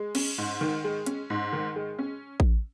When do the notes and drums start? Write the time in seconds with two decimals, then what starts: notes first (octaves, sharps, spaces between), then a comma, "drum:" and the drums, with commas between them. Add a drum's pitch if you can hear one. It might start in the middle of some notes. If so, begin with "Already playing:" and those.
Already playing: G#3
0.15 C#4, drum: cymbal
0.38 G#2
0.61 D#3
0.84 G#3
1.06 C#4, drum: hi-hat
1.30 G#2
1.53 D#3
1.76 G#3
1.99 C#4
2.40 drum: kick A1